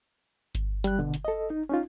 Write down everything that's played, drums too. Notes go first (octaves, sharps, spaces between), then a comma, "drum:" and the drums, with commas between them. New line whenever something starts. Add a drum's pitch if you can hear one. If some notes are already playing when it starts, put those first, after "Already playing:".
drum: kick G1, hi-hat
G3 F#6, drum: hi-hat
B2 D3
drum: hi-hat
A4 D#5
D#4
C#4 D#4 F4